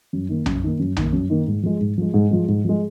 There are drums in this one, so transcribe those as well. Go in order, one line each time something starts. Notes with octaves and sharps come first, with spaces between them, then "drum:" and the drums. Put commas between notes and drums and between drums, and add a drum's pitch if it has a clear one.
F#2
D#3 A#3
F#2, drum: tom B1
D#3 A#3
F#2
D#3 A#3, drum: tom B1
F#2
D#3 A#3
G#2
F3 G#3
G#2
F3 G#3
G#2
F3 G#3
G#2
F3 G#3